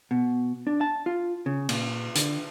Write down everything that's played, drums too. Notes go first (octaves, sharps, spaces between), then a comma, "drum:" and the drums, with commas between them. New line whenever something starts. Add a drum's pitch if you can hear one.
B2
D4
A5
F4
C#3
A#2, drum: cymbal
D3, drum: hi-hat